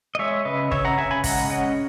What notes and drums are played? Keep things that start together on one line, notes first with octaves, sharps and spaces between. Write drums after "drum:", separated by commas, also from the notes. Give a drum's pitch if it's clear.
D#5
G#3 C#5 E5
C#3 B4 D#5
C#3 C#5 E5, drum: kick
F#5 A#5
C#3 E5 G#5
G#5 B5
G#3 F#5 A#5, drum: kick, open hi-hat
C#4 D#5 F#5